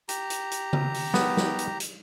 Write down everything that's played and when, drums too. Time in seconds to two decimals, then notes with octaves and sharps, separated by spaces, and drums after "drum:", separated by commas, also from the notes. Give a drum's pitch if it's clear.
0.09 G4 A#5, drum: hi-hat
0.30 drum: hi-hat
0.51 drum: hi-hat
0.73 drum: tom C#3
0.94 drum: open hi-hat
1.14 B3, drum: snare
1.37 drum: snare
1.59 drum: hi-hat
1.80 drum: hi-hat